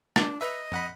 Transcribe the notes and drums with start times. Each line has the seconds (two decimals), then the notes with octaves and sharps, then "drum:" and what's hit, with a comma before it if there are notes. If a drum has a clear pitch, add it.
0.16 D4, drum: rim click
0.41 B4 D#5 E5
0.72 F2 F#5 B5